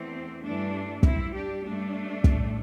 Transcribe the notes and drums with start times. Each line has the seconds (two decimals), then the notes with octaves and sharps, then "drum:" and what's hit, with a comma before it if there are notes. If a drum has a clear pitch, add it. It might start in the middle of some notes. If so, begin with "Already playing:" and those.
Already playing: E2 E3 A3 C4
0.43 G2 E3 G3 A3 D4
1.03 G2 G3 C4 E4, drum: kick
1.34 D4 G4
1.64 G2 G3 A3 D4
2.24 A2 G3, drum: kick